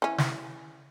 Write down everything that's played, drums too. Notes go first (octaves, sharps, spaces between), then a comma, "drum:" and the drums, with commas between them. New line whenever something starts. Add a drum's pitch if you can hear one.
E3 C#4
drum: snare